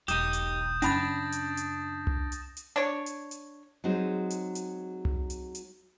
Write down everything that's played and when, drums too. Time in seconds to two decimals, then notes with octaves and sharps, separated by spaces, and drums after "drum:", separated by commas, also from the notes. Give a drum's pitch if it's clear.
0.08 E1 B1 D#4 G4 D#6 G6 E7, drum: hi-hat
0.33 drum: hi-hat
0.82 F#2 C#3 C#4 D4 B5 D#6 A6 A#6, drum: hi-hat
1.32 drum: hi-hat
1.57 drum: hi-hat
2.07 drum: tom C2
2.32 drum: hi-hat
2.57 drum: hi-hat
2.76 D4 C#5
3.06 drum: hi-hat
3.31 drum: hi-hat
3.84 F#3 G#3 C4 D#4
4.30 drum: hi-hat
4.55 drum: hi-hat
5.05 drum: tom C2
5.30 drum: hi-hat
5.55 drum: hi-hat